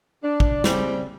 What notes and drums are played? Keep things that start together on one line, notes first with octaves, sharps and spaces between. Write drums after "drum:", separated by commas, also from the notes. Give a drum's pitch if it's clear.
D4
drum: kick
C#3 G3 C4, drum: snare